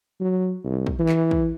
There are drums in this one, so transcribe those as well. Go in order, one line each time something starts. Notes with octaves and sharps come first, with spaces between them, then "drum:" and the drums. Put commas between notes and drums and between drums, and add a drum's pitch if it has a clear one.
F#3
C2
drum: kick
E3
drum: clap
drum: kick